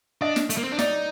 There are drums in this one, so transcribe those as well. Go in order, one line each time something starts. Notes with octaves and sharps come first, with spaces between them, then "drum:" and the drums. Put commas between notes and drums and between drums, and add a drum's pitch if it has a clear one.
D4 D#5
drum: snare
A3, drum: hi-hat
A#3
C4
D4
D#4 D5, drum: snare